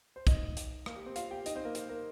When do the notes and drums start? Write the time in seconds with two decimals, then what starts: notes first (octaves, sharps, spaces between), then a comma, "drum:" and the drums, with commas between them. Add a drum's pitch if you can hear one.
0.16 C5
0.27 D#4 D#5, drum: kick, hi-hat
0.57 drum: hi-hat
0.86 A#3 A#4, drum: rim click
0.96 G4
1.06 C4 C5
1.16 F4 F5, drum: hi-hat
1.31 G4 G5
1.46 D#4 D#5, drum: hi-hat
1.55 C4 C5
1.65 A#3 A#4
1.75 A#3 A#4, drum: hi-hat
1.89 A#3 A#4